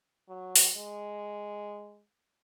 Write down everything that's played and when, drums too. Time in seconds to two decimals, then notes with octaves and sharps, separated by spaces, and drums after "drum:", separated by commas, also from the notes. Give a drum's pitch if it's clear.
0.29 F#3
0.56 drum: open hi-hat
0.76 G#3